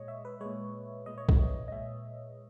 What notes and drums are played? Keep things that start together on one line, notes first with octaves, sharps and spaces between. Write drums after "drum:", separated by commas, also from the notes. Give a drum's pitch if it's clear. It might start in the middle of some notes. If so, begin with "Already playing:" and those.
Already playing: A#2 G#3 C#5 D#5
E5
B4
A#2 G#3 C#5
A#2 G#3 D#5
C#5
D#5, drum: kick B1
D#5
A#2 G#3 E5